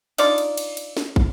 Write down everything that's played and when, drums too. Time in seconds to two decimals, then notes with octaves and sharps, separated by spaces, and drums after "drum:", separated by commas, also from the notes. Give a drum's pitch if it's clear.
0.18 D4 D#4 F4 D5, drum: cymbal
0.38 drum: cymbal
0.58 drum: cymbal
0.77 drum: cymbal
0.97 drum: snare
1.16 drum: kick